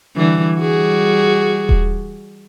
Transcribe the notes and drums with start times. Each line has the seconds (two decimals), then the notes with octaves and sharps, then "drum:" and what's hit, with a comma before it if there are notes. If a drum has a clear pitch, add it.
0.16 D3 E3 G3
0.59 G3 F#4 G#4
1.69 drum: kick D#1